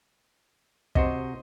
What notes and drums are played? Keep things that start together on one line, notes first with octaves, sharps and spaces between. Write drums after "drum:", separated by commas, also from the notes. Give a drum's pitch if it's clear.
C3 F#4 C5 D#5, drum: kick